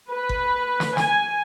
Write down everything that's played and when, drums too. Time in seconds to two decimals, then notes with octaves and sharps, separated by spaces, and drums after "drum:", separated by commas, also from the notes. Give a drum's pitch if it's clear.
0.11 B4
0.29 drum: kick G1
0.80 drum: snare
0.97 G#5, drum: snare